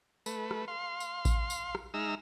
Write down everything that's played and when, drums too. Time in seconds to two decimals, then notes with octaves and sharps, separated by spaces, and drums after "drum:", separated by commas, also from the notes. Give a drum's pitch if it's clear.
0.26 A3 B4, drum: tambourine
0.51 drum: rim click
0.68 F5 C6
1.00 drum: tambourine
1.25 drum: kick A1, tambourine
1.50 drum: tambourine
1.75 drum: rim click
1.94 G#3 D#4 E5 A#5 E6 F6